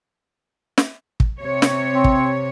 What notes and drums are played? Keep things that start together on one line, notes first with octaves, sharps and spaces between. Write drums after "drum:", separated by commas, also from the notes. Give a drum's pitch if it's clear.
drum: snare
drum: kick
C3 C#5
drum: snare
C4
drum: kick